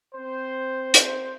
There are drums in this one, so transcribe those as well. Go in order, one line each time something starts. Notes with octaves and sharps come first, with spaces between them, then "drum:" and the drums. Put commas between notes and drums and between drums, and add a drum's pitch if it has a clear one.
C4 C5
drum: hi-hat